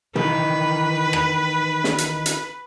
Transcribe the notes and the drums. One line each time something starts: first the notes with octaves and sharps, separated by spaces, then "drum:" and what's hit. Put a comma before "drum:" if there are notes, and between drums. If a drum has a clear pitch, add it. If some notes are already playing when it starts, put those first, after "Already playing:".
D#3 E3 D#4 B4, drum: tom
drum: rim click
drum: snare
drum: hi-hat
drum: hi-hat